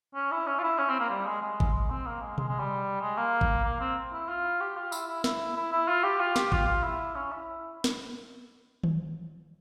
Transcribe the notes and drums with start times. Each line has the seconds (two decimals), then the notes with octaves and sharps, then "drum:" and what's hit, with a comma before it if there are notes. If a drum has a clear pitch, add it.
0.15 C#4
0.32 E4
0.47 C#4
0.59 F4
0.63 E4
0.78 C#4
0.89 C4
1.00 A#3
1.10 G3
1.27 G#3
1.42 G#3
1.60 drum: kick G#1
1.74 G#3
1.90 C4
2.06 A#3
2.21 G#3
2.38 G#3, drum: tom B2
2.49 G#3
2.59 G3
3.01 G#3
3.17 A#3
3.41 drum: kick G#1
3.65 A#3
3.80 C4
4.13 E4
4.29 F4
4.61 G4
4.76 F4
4.92 E4, drum: tambourine
5.08 E4
5.24 E4, drum: snare
5.56 E4
5.72 E4
5.88 F4
6.03 G4
6.20 F4
6.36 G4, drum: snare
6.52 F4, drum: kick G#1
6.67 F4
6.83 E4
7.15 C#4
7.31 E4
7.84 drum: snare
8.83 drum: tom D#3